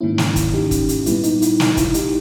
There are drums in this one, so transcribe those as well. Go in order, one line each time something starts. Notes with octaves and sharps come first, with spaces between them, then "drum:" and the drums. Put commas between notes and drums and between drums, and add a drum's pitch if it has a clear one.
G#2 D#3 A#3 C#4 E4
drum: snare
drum: kick, hi-hat
D#4 G4
drum: kick, hi-hat
drum: hi-hat
A#2 G3 B3 E4, drum: hi-hat
D#4, drum: hi-hat
E4, drum: hi-hat
D#4, drum: snare
D#4
E4, drum: kick, hi-hat
D#4 G4, drum: hi-hat